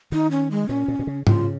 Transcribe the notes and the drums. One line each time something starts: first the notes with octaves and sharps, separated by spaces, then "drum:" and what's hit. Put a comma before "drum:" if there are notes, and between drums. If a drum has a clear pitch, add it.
D#3 D#4
C#4
G#3
A#2 C#4
A#2
A#2
C#3
C#3 F4, drum: tom G#2